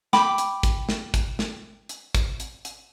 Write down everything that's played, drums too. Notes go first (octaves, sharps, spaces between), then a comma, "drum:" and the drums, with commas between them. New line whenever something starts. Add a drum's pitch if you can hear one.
G5 B5 D6, drum: snare
drum: hi-hat
drum: kick, hi-hat
drum: snare
drum: kick, hi-hat
drum: snare
drum: hi-hat
drum: kick, hi-hat
drum: hi-hat
drum: hi-hat